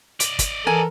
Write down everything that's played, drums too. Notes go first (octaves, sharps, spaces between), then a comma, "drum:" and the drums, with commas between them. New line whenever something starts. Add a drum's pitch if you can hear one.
D5 D#5, drum: hi-hat
drum: kick, hi-hat
E3 A4 A#4 G#5